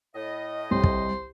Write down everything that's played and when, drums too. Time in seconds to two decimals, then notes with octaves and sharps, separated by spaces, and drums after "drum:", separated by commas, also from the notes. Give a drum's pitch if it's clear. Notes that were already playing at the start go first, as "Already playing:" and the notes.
0.14 A2 D#5
0.71 C2 C5
0.84 drum: kick